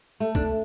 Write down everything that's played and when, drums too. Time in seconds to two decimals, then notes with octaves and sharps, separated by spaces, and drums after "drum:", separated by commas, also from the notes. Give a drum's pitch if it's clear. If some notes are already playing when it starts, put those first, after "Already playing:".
0.20 A3
0.35 D4, drum: kick C2